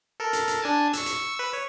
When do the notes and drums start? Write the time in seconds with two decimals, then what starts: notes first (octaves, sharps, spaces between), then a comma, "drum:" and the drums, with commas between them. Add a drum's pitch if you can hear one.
0.20 A4 A#4
0.33 drum: hi-hat
0.48 drum: hi-hat
0.62 D4 G#5 A5
0.93 C#6 E6, drum: hi-hat
1.06 drum: hi-hat
1.37 B4 E6
1.53 C#5